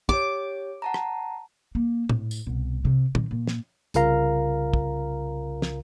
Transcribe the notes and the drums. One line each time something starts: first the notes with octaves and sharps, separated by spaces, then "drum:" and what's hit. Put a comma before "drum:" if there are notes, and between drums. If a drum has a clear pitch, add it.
G4 C#5 D6, drum: kick
F#5 A5 A#5
drum: rim click
A#3
A2, drum: tom A#2
drum: tambourine
C2 B2
C3
D#3, drum: tom A#2
A#2
drum: snare
C2 C#3 F4 A#4 F5 A#5, drum: hi-hat
drum: kick
drum: snare